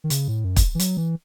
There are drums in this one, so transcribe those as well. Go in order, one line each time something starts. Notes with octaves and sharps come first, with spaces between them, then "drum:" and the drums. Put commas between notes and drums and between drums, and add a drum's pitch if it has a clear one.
D#3
C#3, drum: hi-hat
A2
F#2
drum: kick, hi-hat
E3
F#3, drum: hi-hat
E3